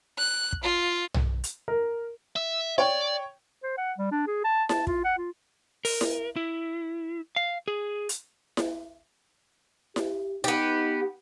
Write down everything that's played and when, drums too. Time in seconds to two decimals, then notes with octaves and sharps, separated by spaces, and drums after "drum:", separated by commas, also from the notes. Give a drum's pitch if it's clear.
0.18 F#6
0.53 drum: kick
0.63 F4
1.14 drum: tom B1
1.44 drum: hi-hat
1.68 A#4
2.36 E5
2.78 C#5 D5 G5
3.63 C5
3.78 F#5
3.98 G3
4.11 D4
4.27 G#4
4.44 A5
4.69 A5, drum: snare E4
4.87 F4, drum: kick
5.04 F#5
5.18 F4
5.85 A#4, drum: open hi-hat
6.01 drum: snare E4
6.36 E4
7.36 F5
7.68 G#4
8.09 drum: hi-hat
8.57 drum: snare E4
9.96 G4, drum: snare E4
10.44 B3 D#4 G4